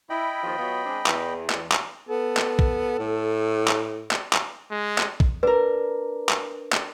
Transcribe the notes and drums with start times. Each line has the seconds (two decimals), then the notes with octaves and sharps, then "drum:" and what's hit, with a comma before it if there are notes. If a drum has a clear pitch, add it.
0.10 E4 D#5 G5 B5
0.43 D#2 F3
0.58 F#3 B3 F4
0.85 G#3 C4 D4
1.06 E2, drum: clap
1.50 drum: clap
1.72 drum: clap
2.09 B3 A4
2.37 drum: clap
2.59 drum: kick
2.99 A2
3.68 drum: clap
4.11 drum: clap
4.33 drum: clap
4.71 G#3
4.98 drum: clap
5.20 drum: kick
5.43 D4 A#4 B4
6.29 drum: clap
6.73 drum: clap